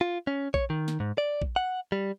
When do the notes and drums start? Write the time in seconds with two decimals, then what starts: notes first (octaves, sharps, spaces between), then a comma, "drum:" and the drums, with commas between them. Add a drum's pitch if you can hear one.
0.01 F4
0.27 C#4
0.54 C#5, drum: kick A#1
0.70 D#3
0.88 drum: snare
1.00 G#2
1.18 D5
1.42 drum: kick A#1
1.56 F#5
1.92 G3